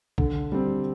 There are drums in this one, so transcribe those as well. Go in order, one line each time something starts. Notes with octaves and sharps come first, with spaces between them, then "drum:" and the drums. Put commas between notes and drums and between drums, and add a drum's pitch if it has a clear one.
D3, drum: kick
G3 C4